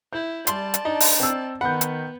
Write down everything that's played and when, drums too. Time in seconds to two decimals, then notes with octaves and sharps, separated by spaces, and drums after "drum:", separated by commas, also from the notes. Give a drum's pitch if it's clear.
0.13 E4 G6
0.47 G3 D5 A5 C6, drum: hi-hat
0.74 drum: hi-hat
0.85 D4 D#4
1.00 drum: open hi-hat
1.20 C4 E6
1.61 D#3 B3 F#5 B5 G6
1.81 drum: hi-hat